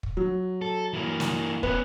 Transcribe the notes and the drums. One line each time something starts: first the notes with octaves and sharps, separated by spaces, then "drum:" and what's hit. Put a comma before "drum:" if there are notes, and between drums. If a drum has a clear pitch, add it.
drum: kick
F#3
A4
E3 A#3
drum: snare
B3 C#4 B4, drum: kick